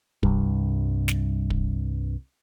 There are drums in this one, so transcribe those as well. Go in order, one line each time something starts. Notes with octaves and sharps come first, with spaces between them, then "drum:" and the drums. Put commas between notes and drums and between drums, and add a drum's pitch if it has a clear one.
C2 G2, drum: kick
drum: snare
drum: kick